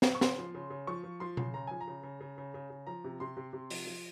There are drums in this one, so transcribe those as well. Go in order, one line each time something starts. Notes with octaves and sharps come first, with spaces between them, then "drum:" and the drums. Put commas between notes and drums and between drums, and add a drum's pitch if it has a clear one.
drum: snare
C#6
C#3 C6, drum: snare
F3
C#3
C#3
F3 C#6
F3
F3 C6
C#3, drum: tom B2
C#3 A#5
F3 G#5
A#5
C#3
C#3
C#3
C#3
C#3
C#3
F3 A#5
C3
C3 C6
C3
C3
F3, drum: open hi-hat
F3